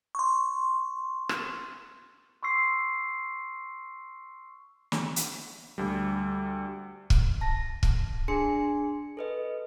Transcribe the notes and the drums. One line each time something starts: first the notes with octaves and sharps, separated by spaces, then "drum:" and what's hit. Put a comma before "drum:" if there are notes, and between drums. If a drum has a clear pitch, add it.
C6 C#6
drum: rim click
C6 C#6 E6 C7
drum: snare
drum: hi-hat
D2 G3
drum: kick
A5 A#6
drum: kick
D4 G#4 G#5 C6 C#7
A4 B4 D#5